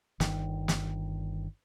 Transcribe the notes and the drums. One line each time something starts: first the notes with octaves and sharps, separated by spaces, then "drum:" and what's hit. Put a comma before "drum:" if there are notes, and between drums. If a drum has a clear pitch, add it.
G1 D#3, drum: snare
drum: snare